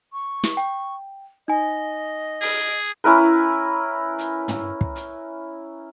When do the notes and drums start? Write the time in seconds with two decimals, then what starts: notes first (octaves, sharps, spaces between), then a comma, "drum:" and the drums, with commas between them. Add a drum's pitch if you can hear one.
0.13 C#6
0.44 drum: snare
0.57 G5
1.48 D#4 D#5 G#5
2.42 G#4, drum: open hi-hat
3.04 C#4 E4 A#4 B4
4.18 drum: hi-hat
4.48 drum: tom
4.81 drum: kick
4.96 drum: hi-hat